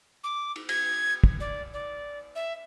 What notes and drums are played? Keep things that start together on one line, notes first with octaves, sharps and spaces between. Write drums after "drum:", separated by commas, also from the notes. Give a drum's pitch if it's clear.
D6
drum: cymbal
G#6, drum: cymbal
drum: kick
D5
D5
E5